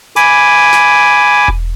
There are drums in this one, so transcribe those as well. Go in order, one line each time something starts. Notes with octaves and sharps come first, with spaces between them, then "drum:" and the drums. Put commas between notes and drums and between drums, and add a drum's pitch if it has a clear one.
G#5 B5 D6, drum: hi-hat
drum: snare
drum: kick E1